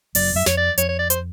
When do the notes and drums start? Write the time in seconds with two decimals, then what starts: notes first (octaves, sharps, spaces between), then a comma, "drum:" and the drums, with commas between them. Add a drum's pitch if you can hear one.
0.15 F#1 F#2 D5, drum: open hi-hat
0.35 F#2 E5
0.46 F2 C#5, drum: snare
0.57 D5
0.78 F2 C#5, drum: hi-hat
0.89 C#5
0.99 D5
1.10 C5, drum: hi-hat